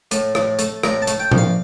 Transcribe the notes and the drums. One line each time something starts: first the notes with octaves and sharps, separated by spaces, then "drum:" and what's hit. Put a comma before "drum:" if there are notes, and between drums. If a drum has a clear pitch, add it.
A2, drum: hi-hat
A2, drum: rim click
A3, drum: hi-hat
A2 A#5, drum: rim click
A5
A3, drum: hi-hat
G5
A#1, drum: tom A#2
F5